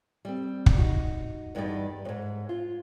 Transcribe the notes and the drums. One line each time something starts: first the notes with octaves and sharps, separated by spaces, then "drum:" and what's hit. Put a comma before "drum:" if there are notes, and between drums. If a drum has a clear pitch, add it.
G3 C4
drum: kick
D#4 F#4
E2 G2 G3 D#4 D5
F2 G#2
F4